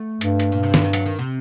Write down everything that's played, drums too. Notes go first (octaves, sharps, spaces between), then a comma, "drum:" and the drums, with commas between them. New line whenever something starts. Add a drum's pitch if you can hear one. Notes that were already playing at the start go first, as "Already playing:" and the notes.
Already playing: A3
G2, drum: hi-hat
drum: hi-hat
A#2
C3
D3, drum: snare
D#3
F#3, drum: hi-hat
D#3
C3